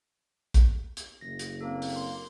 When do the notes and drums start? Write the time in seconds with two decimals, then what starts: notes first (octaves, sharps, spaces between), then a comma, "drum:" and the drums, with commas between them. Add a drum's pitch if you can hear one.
0.54 drum: kick A#1, hi-hat
0.97 drum: hi-hat
1.21 F#1 A#6
1.39 drum: hi-hat
1.61 A#3 C4 A4
1.82 drum: open hi-hat
1.96 C6